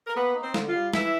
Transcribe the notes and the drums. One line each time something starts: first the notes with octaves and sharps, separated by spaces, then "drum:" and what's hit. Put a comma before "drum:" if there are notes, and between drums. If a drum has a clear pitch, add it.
A#4
A#3 B3 B4
D#4
C4 C5
D3, drum: snare
F4 F5
G3
E3 E4 E5, drum: snare